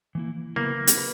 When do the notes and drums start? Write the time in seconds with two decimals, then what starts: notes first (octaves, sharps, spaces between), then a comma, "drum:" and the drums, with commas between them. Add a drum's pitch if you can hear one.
0.15 E3 A#3 E4
0.56 C#3 F#3 A#3 B3 E4 B4
0.87 drum: hi-hat
0.98 B4